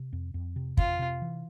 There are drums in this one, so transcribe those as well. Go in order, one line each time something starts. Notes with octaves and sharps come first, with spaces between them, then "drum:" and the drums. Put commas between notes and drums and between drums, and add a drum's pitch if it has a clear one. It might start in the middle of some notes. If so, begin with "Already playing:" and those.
Already playing: C3
F2
F2
C3
F2 F4, drum: kick
C3
E3